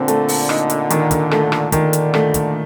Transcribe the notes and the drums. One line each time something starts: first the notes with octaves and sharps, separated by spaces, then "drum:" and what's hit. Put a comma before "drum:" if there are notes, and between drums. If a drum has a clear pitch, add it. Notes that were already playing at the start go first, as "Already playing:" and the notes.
Already playing: A#2 D3 C4
A3, drum: hi-hat
drum: open hi-hat
D#4, drum: rim click
drum: hi-hat
D#3, drum: hi-hat
drum: kick, hi-hat
A3, drum: rim click
drum: rim click
A#2 D3 D#3, drum: kick, hi-hat
drum: hi-hat
A3, drum: rim click
drum: kick, hi-hat